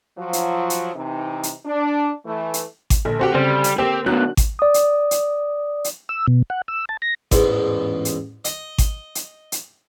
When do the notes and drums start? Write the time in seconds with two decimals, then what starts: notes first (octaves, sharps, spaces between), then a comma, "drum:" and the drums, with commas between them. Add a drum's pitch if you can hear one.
0.18 F3 F#3
0.33 drum: hi-hat
0.70 drum: hi-hat
0.94 C3 E3 D#4
1.43 drum: hi-hat
1.66 D4
2.25 E3 A3
2.54 drum: hi-hat
2.90 drum: kick G#1, hi-hat
3.05 A#1 D3 A4
3.19 C4 F#4 G4
3.34 C#3 G3 C4
3.64 drum: hi-hat
3.78 A#3 C4 G4 A#4
4.06 F#2 B2 D4 F#4 F#6
4.37 drum: kick G#1, hi-hat
4.59 D5 D#6
4.74 drum: hi-hat
5.11 drum: hi-hat
5.84 drum: hi-hat
6.09 E6
6.27 B2
6.50 F#5
6.68 E6
6.89 A5
7.02 A#6
7.31 A1 E2 G#2, drum: kick G#1, hi-hat
8.05 drum: hi-hat
8.45 D#5, drum: hi-hat
8.78 drum: kick G#1, hi-hat
9.15 drum: hi-hat
9.52 drum: hi-hat